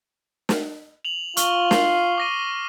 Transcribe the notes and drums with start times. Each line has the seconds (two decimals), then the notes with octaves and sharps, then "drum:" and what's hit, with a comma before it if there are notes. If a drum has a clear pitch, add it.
0.49 drum: snare
1.05 F7 F#7
1.37 F4 C#6 F6 G7, drum: hi-hat
1.71 C7, drum: snare
2.18 D6 A#6 D#7